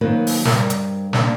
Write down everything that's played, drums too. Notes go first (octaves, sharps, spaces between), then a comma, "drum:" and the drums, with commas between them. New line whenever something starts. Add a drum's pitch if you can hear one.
D#3 F#3 A#3 C4 B4
drum: open hi-hat
G2 C4 A#4, drum: snare
drum: hi-hat
A#3 D4 E4, drum: snare